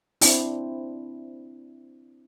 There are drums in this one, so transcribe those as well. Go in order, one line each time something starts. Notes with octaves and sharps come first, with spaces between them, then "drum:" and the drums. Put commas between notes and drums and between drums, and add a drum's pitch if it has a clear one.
C4 D4 E4, drum: open hi-hat